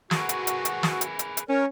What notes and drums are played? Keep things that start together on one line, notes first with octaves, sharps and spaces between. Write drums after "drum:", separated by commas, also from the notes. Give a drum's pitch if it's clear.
F#4 G#4 A#4 B4, drum: snare
drum: hi-hat
drum: hi-hat
drum: hi-hat
drum: snare
drum: hi-hat
drum: hi-hat
drum: hi-hat
C#4 A#4 C#5